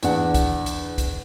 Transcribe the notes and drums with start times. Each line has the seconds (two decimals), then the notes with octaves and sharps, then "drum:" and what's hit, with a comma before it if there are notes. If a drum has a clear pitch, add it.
0.03 E2 D4 F#5, drum: hi-hat
0.34 drum: kick, hi-hat
0.66 drum: hi-hat
0.98 drum: kick, hi-hat